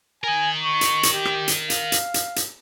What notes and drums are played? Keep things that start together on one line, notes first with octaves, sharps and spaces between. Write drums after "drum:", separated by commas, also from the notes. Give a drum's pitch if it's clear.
A#4 D#5 G#5
C#6
drum: hi-hat
drum: hi-hat
G4
drum: rim click
drum: hi-hat
F5, drum: hi-hat
drum: hi-hat
drum: hi-hat
drum: hi-hat